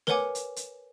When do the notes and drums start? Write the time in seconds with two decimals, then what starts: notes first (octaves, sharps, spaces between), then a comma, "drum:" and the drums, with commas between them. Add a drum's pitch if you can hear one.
0.07 A#4 B4 C#5 F#5 G#5 D6, drum: snare A3
0.35 drum: hi-hat
0.56 drum: hi-hat